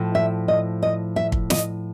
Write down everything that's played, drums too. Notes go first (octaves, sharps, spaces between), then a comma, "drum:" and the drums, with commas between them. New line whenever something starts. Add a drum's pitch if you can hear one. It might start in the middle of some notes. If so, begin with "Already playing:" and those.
Already playing: A2 F3
E5
D#5
D#5
E5
drum: kick
D#5, drum: snare